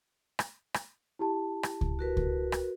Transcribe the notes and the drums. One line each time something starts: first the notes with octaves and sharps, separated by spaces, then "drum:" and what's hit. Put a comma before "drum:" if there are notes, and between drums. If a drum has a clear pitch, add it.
drum: rim click
drum: rim click
E4 G4 A5
drum: rim click
drum: kick C#2
F#4 A#4 B4
drum: kick C#2
drum: rim click